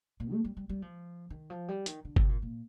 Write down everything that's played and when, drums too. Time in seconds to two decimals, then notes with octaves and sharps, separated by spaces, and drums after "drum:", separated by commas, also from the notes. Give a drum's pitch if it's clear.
0.20 A#2
0.33 A3
0.45 G3
0.57 G3
0.69 G3
0.82 F3
1.30 D#3
1.50 F3
1.68 G3
1.86 D#3, drum: hi-hat
2.05 D3
2.16 C3, drum: kick G1
2.29 A#2
2.42 A#2